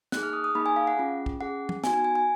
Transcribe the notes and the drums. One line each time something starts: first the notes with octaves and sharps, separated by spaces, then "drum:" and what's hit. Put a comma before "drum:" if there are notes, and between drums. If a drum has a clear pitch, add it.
A#3 D#4 G#4 F#6, drum: snare
F6
D#6
D#6
A#3 D#4 G#4 B5
G#5
F5
F#5
C#4 F4 G#4
drum: kick
C#4 G#4 F#5
drum: tom F3
B3 D#4 F#4 G#5, drum: snare
G#5
G#5
G#5